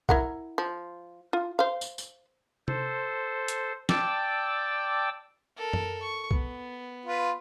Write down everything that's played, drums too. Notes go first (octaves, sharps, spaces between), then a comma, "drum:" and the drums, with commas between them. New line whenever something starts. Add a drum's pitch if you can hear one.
E4 A#4 F#5, drum: kick B1
F3
F4
C5 F5
drum: tambourine
drum: tambourine
A4 C5, drum: tom C3
drum: hi-hat
D5 G5 A5 D6 E6, drum: snare
A4 A#4
drum: tom
C#6
B3, drum: kick B1
F4 B4